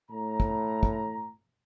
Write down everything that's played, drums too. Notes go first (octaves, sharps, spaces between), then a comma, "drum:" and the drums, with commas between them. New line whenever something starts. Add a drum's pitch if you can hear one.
A2 A#5
drum: kick
drum: kick